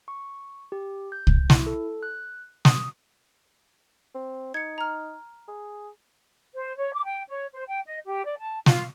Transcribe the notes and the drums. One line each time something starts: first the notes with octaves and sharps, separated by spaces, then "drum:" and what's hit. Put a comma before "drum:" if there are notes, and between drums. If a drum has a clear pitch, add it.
C#6
G4
G6
drum: kick C2
E4, drum: snare
A4
F#6
D#6, drum: snare
C4
D#4 G#6 C#7
A#5 F6
G#4
C5
C#5
D6
G5
C#5
C5
G5
D#5
G4
D5
A5
F4, drum: snare